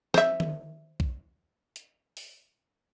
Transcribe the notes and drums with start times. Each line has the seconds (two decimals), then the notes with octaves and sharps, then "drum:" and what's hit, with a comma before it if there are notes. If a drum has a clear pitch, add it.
0.14 C5 E5, drum: snare
0.40 drum: tom D#3
1.00 drum: kick B1
1.76 drum: hi-hat
2.17 drum: open hi-hat